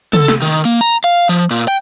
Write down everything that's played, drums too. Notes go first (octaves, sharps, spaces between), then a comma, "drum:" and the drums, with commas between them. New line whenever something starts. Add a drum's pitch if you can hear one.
A4, drum: tom
drum: snare
D#3
A#3, drum: hi-hat
A#5
F5
F3
A#2
G5